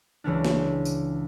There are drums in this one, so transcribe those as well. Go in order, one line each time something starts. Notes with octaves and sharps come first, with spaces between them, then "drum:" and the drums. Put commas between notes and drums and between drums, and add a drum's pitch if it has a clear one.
C#2 E3 C#4 D4
drum: snare
drum: tambourine